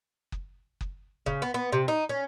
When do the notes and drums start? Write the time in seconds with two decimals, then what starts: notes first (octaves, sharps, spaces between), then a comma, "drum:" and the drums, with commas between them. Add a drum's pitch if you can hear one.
0.32 drum: kick F#1
0.81 drum: kick F#1
1.26 C#3, drum: kick F#1
1.42 B3
1.54 B3
1.73 C3
1.88 D#4
2.09 C#4